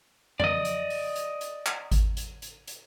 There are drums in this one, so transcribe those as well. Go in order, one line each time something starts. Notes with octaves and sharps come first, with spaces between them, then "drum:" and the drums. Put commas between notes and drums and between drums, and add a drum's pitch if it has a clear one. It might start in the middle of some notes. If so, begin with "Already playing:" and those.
D5 D#5, drum: tom F2
drum: hi-hat
drum: open hi-hat
drum: hi-hat
drum: hi-hat
drum: clap
drum: kick G#1, hi-hat
drum: hi-hat
drum: hi-hat
drum: hi-hat